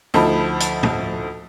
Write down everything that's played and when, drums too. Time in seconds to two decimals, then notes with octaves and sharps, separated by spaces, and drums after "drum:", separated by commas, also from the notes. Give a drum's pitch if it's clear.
0.14 D2 F3 A3 D#4 A5 B5
0.60 drum: hi-hat
0.83 drum: tom